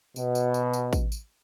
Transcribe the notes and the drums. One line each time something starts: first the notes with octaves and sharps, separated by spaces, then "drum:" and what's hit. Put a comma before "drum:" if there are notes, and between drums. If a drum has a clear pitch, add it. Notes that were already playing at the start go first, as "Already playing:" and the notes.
B2, drum: tambourine
drum: tambourine
drum: tambourine
drum: tambourine
drum: kick A1, tambourine
drum: tambourine